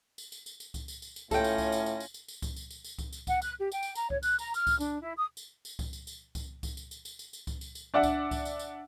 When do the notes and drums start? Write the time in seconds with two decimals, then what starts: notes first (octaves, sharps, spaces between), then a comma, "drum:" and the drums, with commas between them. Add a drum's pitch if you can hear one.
0.18 drum: tambourine
0.32 drum: tambourine
0.46 drum: tambourine
0.60 drum: tambourine
0.74 drum: kick C#2, tambourine
0.88 drum: tambourine
1.02 drum: tambourine
1.16 drum: tambourine
1.31 A2 C#4 F4 A4 G5 A#6, drum: kick C#2, tambourine
1.44 drum: tambourine
1.58 drum: kick C#2, tambourine
1.72 drum: tambourine
1.86 drum: tambourine
2.00 drum: tambourine
2.14 drum: tambourine
2.28 drum: tambourine
2.42 drum: kick C#2, tambourine
2.56 drum: tambourine
2.70 drum: tambourine
2.84 drum: tambourine
2.99 drum: kick C#2, tambourine
3.13 drum: tambourine
3.27 F#5, drum: kick C#2, tambourine
3.42 F#6, drum: tambourine
3.59 G4
3.72 G5, drum: tambourine
3.83 drum: tambourine
3.95 A#5, drum: tambourine
4.10 C#5, drum: kick C#2
4.23 F#6, drum: tambourine
4.39 A#5, drum: tambourine
4.54 F6, drum: tambourine
4.67 drum: kick C#2, tambourine
4.80 D4, drum: tambourine
5.02 E4
5.17 D#6
5.37 drum: tambourine
5.65 drum: tambourine
5.79 drum: kick C#2, tambourine
5.93 drum: tambourine
6.07 drum: tambourine
6.35 drum: kick C#2, tambourine
6.63 drum: kick C#2, tambourine
6.77 drum: tambourine
6.91 drum: tambourine
7.05 drum: tambourine
7.19 drum: tambourine
7.33 drum: tambourine
7.47 drum: kick C#2, tambourine
7.61 drum: tambourine
7.75 drum: tambourine
7.94 D4 D5 E5 F#5
8.03 drum: kick C#2, tambourine
8.31 drum: kick C#2, tambourine
8.45 drum: tambourine
8.59 drum: tambourine